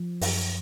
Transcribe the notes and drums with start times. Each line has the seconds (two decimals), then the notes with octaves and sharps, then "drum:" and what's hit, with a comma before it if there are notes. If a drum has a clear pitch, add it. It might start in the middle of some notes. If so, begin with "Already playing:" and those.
Already playing: F3
0.21 F#2, drum: open hi-hat